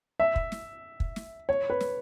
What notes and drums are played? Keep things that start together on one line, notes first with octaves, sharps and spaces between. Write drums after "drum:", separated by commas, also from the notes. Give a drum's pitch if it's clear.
E5
drum: kick
drum: snare
drum: kick
drum: snare
C#5
B4
drum: snare